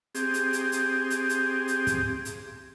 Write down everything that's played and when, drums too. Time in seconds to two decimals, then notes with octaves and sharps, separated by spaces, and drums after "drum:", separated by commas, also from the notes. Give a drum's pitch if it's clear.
0.15 C4 G4 G#4, drum: hi-hat
0.34 drum: hi-hat
0.53 drum: hi-hat
0.72 drum: hi-hat
1.10 drum: hi-hat
1.29 drum: hi-hat
1.68 drum: hi-hat
1.87 drum: kick, hi-hat
2.25 drum: hi-hat